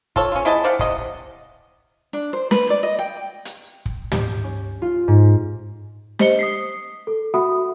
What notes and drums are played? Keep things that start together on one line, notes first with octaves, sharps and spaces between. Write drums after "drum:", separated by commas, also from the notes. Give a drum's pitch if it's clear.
F4 A4 C#5, drum: kick
C#4 F4
G#3 E4 D#5 A5
C5 D5 F5 F#5
C3 D#5, drum: kick
D4
C5
B4, drum: snare
D5
D#5
G5
drum: hi-hat
drum: kick
G4, drum: tom
C#4
F4
G#2
G4 C5 D#5 C#7 G7, drum: snare
D#6 B6 C7
A4
F#4 E5 F#5 B5 D#6